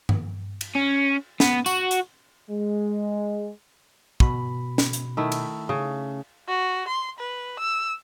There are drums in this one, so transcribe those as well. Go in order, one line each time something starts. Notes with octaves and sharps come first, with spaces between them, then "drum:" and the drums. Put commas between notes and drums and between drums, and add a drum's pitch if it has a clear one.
drum: tom G2
drum: cymbal
C#4
B3, drum: snare
F#4, drum: tambourine
drum: hi-hat
G#3
B2 B5, drum: kick
drum: snare
drum: hi-hat
D#3 A3 E4
drum: cymbal
C#3
F#4
C6
B4
E6